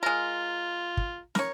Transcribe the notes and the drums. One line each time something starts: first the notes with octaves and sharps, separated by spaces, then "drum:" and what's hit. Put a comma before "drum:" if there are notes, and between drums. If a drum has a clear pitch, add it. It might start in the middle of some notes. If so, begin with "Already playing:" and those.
G#3 F4 A#4
drum: kick
A#4 C#5, drum: snare